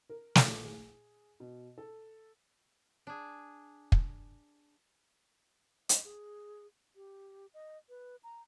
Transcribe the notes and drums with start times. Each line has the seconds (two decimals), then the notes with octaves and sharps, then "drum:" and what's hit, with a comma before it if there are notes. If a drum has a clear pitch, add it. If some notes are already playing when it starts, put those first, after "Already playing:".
0.09 A#4
0.35 A#2, drum: snare
0.65 G#4
1.40 B2
1.78 A4
3.07 D4 G#4
3.92 drum: kick
5.89 D#5, drum: hi-hat
6.04 G#4
6.96 G4
7.54 D#5
7.89 B4
8.23 A#5